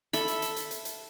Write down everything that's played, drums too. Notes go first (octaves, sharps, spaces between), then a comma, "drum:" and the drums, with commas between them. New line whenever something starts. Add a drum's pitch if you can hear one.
A4 E5 B5, drum: hi-hat
drum: hi-hat
drum: hi-hat
drum: hi-hat
drum: hi-hat
drum: hi-hat